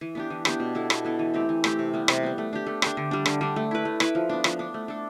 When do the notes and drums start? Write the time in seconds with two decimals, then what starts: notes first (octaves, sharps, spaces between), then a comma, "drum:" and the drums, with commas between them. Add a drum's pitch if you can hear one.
0.01 E3
0.15 B3 D4 G4
0.30 E3
0.45 B3 D4 G4, drum: rim click
0.60 B2
0.75 B3 E4 A4
0.90 B2, drum: rim click
1.05 B3 E4 A4
1.19 E3
1.34 A3 C4 G4
1.49 E3
1.64 A3 C4 G4, drum: rim click
1.79 C3
1.94 G3 B3
2.08 C3, drum: rim click
2.23 G3 B3
2.38 A3
2.53 D4 G4
2.66 A3
2.82 D4 G4, drum: rim click
2.97 D3
3.11 G3 D4
3.26 D3, drum: rim click
3.41 G3 D4
3.56 A3
3.71 E4 B4
3.85 A3
4.00 E4 B4, drum: rim click
4.15 F3
4.29 B3 D4
4.44 F3, drum: rim click
4.59 B3 D4
4.74 A3
4.88 D4 A4